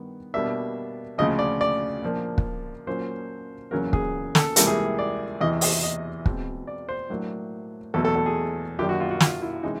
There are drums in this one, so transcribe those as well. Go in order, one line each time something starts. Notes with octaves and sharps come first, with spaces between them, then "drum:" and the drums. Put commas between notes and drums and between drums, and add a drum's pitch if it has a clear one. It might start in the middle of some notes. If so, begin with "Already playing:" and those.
Already playing: G2 D#3 B3
B2 G3 A#3 D4 E5
D2 C#3 F3 D#5
D5
D5
A#2 F3 A#3 D4
drum: kick
A#2 F#3 A#3 C#4 C5
E2 C#3 F#3 A#3 C#4 A#4
G#4, drum: kick
A4, drum: snare
C#2 C3 E3 G3 A#3 A4, drum: hi-hat
G#4
D5
E2 C3 E3 D#5
D#5, drum: open hi-hat
D#5
B2 G#3 C4, drum: kick
D5
C5
A2 F#3 A#3 D4
E2 B2 F#3 A3 A4
A4
A4
G#4
F#2 D#3 F#3 A#3 D4 G4
F#4
F4
F#4
F4, drum: snare
E4
C3 E3 G#3 C#4 D#4